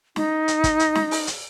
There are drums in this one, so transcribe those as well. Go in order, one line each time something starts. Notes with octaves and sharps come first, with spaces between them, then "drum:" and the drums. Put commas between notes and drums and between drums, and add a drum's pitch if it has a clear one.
D#4, drum: snare
drum: hi-hat
drum: kick, hi-hat
drum: hi-hat
drum: snare
drum: open hi-hat
drum: hi-hat